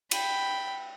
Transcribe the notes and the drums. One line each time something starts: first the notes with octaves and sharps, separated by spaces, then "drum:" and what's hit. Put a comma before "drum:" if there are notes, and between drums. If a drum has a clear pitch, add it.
G5 B5, drum: cymbal